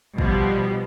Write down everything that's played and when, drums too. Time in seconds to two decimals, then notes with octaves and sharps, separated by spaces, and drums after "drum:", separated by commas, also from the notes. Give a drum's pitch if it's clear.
0.18 B2 F3 G3 B3, drum: kick